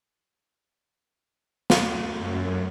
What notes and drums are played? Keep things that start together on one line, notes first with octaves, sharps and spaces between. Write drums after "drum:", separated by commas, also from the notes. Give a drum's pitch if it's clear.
drum: snare
F#2